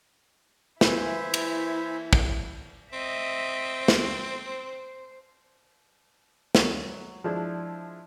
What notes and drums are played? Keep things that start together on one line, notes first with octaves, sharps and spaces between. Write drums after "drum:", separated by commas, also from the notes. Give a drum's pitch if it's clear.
E3 A#3 E4 C5 E5 G#5, drum: snare
drum: cymbal
drum: kick
C4 D#5 E5
C5, drum: snare
F#3, drum: snare
F3 G#3 D4 E4